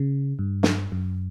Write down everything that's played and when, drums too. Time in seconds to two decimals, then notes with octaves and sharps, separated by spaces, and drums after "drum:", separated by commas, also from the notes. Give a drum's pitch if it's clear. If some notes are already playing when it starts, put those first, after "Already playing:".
Already playing: C#3
0.39 G2
0.63 drum: snare
0.92 F#2